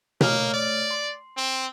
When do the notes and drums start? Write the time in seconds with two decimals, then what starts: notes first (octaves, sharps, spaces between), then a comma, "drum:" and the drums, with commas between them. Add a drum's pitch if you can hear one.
0.21 A3 A#3 C#5 F6, drum: tom B2
0.54 D5
0.91 C6
1.37 C4